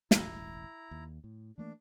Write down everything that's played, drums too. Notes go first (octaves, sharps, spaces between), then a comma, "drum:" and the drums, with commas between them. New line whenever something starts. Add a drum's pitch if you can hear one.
E1 A1 E4 A#5, drum: snare
D#2
A2
E3 A3 A#3 D4